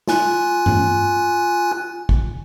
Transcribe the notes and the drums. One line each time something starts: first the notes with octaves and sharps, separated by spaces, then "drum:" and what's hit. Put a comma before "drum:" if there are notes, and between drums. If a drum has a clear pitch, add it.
F4 G#5 F#6, drum: snare
drum: tom G2
drum: kick